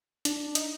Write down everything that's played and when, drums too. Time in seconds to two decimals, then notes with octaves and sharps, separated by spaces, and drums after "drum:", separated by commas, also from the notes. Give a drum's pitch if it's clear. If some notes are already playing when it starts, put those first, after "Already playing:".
0.25 D4, drum: hi-hat
0.55 D#4, drum: hi-hat